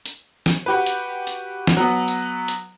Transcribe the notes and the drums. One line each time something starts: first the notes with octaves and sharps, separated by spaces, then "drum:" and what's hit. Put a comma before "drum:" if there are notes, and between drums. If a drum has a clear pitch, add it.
drum: hi-hat
drum: snare
F#4 G4 B4
drum: hi-hat
drum: hi-hat
drum: snare
F#3 B3
drum: hi-hat
drum: hi-hat